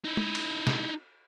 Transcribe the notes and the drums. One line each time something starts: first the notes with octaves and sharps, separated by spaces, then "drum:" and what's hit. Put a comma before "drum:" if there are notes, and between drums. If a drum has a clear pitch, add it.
D#4 E4
drum: tom G#3
drum: cymbal
drum: snare